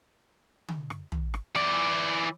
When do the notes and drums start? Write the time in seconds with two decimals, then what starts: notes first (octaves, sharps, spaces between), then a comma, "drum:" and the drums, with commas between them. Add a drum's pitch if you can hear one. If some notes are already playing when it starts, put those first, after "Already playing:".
0.68 drum: tom D3
0.90 drum: rim click
1.12 drum: tom
1.34 drum: rim click
1.55 E3 D5, drum: rim click